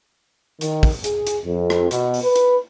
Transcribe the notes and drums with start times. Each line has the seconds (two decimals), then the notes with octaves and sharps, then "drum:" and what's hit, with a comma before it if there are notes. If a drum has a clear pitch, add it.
0.61 D#3, drum: hi-hat
0.83 drum: kick, open hi-hat
1.04 G#4, drum: hi-hat
1.27 drum: hi-hat
1.45 F2
1.70 drum: rim click
1.91 B2, drum: hi-hat
2.14 drum: open hi-hat
2.24 B4
2.36 drum: hi-hat